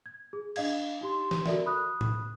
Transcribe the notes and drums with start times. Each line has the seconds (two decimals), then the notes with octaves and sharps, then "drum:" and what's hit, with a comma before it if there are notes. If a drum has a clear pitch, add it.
0.06 G#6
0.33 G#4
0.56 D4 D#5 F5 G#6, drum: cymbal
1.01 D#4 G4 C6
1.31 drum: snare
1.46 F#4 A4 A#4 D5 E5, drum: snare
1.66 B5 D#6 F#6
2.01 drum: tom A2